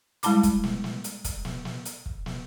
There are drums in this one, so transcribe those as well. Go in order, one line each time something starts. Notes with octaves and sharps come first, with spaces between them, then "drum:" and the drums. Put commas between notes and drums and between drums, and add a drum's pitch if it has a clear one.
G3 G#3 E4 A5 B5 D6, drum: hi-hat
drum: kick, hi-hat
drum: snare
drum: snare
drum: hi-hat
drum: kick, hi-hat
drum: snare
drum: snare
drum: hi-hat
drum: kick
drum: snare